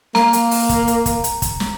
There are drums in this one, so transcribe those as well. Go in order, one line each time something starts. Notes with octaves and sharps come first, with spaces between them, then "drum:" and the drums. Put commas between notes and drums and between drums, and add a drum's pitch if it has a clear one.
A#3 A#5, drum: snare
drum: hi-hat
drum: open hi-hat
drum: kick, hi-hat
drum: hi-hat
drum: kick, hi-hat
drum: hi-hat
drum: kick, hi-hat
drum: snare